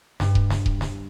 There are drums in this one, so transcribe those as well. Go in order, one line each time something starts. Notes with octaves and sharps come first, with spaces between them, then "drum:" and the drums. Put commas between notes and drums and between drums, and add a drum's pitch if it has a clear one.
G2, drum: snare
drum: kick D#1
drum: snare
drum: kick D#1
drum: snare